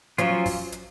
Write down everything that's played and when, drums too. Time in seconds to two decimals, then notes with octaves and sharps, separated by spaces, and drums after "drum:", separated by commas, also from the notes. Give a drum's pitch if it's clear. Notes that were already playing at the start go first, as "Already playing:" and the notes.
0.18 F3 F#3 C#4 F4, drum: hi-hat
0.46 drum: kick, open hi-hat
0.72 drum: hi-hat